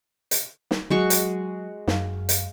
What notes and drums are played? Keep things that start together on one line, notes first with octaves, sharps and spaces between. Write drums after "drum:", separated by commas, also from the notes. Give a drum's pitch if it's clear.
drum: hi-hat
drum: snare
F#3 G#3 F#4 C#6
drum: hi-hat
F#2 F5, drum: snare
drum: hi-hat